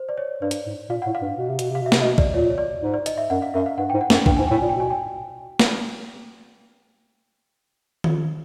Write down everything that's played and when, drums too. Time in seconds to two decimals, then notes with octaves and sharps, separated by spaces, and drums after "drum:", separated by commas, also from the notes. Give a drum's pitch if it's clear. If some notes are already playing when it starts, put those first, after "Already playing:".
Already playing: C5
0.09 D5
0.17 C#5
0.42 G2 D5
0.51 drum: hi-hat
0.66 G#2
0.90 A#2 F5
1.02 A2 F#5
1.15 F5
1.22 G2
1.37 B2
1.49 C3
1.59 B2, drum: hi-hat
1.70 C3 F5
1.81 B2 E5
1.92 C3, drum: snare
2.02 B2 D#5
2.18 D5, drum: kick A#1
2.34 A#2 C#5
2.50 C#5
2.58 D5
2.81 G#2
2.94 D5
3.06 D#5, drum: hi-hat
3.18 E5
3.30 F#2 F#5
3.42 F5
3.54 F#2 E5
3.66 F5
3.78 G2 F#5
3.90 G#2 G5
4.01 F#5
4.10 F#2, drum: snare
4.26 G2 G5, drum: kick A#1
4.37 G#2 G#5
4.48 A2 G5
4.58 A#2 G#5
4.69 B2 G5
4.80 G#5
4.91 G5
5.59 drum: snare
8.04 drum: tom